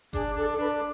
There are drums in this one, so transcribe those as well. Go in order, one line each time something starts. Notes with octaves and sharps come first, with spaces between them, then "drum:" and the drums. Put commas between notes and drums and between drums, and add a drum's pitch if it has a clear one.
D4 G#4, drum: kick G1, hi-hat
D4 A4
A4
D4 B4